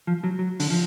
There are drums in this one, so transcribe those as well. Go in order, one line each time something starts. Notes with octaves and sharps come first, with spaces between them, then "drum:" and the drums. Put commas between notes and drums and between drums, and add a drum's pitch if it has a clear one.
F3
F#3
F#3
D3, drum: open hi-hat
F3